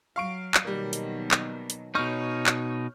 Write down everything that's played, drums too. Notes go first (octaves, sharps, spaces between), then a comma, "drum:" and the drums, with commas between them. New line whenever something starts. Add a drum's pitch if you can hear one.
F#3 F5 C#6 D7
drum: clap
B2 D#3 F#3 G3 A#3
drum: hi-hat
drum: clap
drum: hi-hat
B2 D#4 C#5 C#6 F6 G6
drum: clap